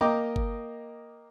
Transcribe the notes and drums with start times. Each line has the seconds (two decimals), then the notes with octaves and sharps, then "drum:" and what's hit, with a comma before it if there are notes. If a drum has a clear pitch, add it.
0.01 A#3 D#5 G5 A#5 D6
0.36 drum: kick G1